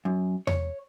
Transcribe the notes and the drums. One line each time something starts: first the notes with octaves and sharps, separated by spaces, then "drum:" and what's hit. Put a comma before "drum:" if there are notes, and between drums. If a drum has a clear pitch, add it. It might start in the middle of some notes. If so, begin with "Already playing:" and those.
F#2
C#5, drum: tom E2